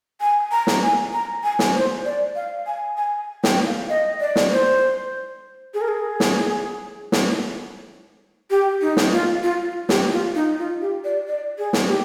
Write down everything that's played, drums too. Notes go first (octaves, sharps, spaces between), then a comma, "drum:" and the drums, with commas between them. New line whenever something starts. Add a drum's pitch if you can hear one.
G#5
A#5
drum: snare
G#5
A#5
G#5
drum: snare
C5
D5
F5
G#5
G#5
G5, drum: snare
F5
D#5
D5
drum: snare
C5
G#4
A#4
G#4
drum: snare
drum: snare
G4
D#4
drum: snare
F4
F4
G4, drum: snare
F4
D#4
F4
G4
D5
D5
G#4
drum: snare
G4